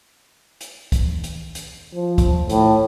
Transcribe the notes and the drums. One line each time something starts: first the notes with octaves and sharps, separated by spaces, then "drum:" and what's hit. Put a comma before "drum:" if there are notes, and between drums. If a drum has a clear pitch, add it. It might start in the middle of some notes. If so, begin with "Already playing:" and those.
drum: hi-hat
drum: kick, hi-hat
drum: hi-hat
drum: hi-hat
F3
drum: kick, hi-hat
A2, drum: hi-hat